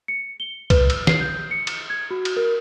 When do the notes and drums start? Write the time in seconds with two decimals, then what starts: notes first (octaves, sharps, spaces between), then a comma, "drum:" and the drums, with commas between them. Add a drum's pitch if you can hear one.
0.08 C#7
0.40 G7
0.70 B4, drum: kick C2, cymbal
0.90 E6, drum: cymbal
1.07 C7, drum: snare
1.21 G6
1.51 C#7
1.67 drum: cymbal
1.90 G#6
2.11 F#4
2.25 drum: cymbal
2.37 A#4